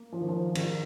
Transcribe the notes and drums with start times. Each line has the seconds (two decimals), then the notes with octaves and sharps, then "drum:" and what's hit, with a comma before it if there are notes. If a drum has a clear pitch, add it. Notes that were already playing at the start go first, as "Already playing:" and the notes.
Already playing: A#3
0.12 F3
0.21 D#3
0.29 F3
0.55 D#3, drum: cymbal